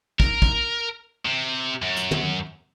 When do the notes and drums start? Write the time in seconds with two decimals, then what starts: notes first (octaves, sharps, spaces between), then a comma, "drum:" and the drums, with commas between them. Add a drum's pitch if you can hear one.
0.20 A#4, drum: kick
0.42 drum: kick
1.26 C3
1.82 F#2
1.96 drum: hi-hat
2.11 drum: tom